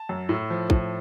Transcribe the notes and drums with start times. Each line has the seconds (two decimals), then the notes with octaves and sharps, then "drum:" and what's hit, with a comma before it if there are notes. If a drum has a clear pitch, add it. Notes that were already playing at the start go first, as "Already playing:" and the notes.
Already playing: A5
0.09 F#2
0.29 A2
0.50 F3
0.70 A2, drum: kick